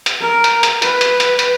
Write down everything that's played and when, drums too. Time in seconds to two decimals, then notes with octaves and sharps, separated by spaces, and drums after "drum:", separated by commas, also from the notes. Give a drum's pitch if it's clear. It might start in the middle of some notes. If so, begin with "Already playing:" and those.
0.06 drum: hi-hat
0.21 A#4
0.44 drum: hi-hat
0.63 drum: hi-hat
0.82 B4, drum: hi-hat
1.01 drum: hi-hat
1.20 drum: hi-hat
1.39 drum: hi-hat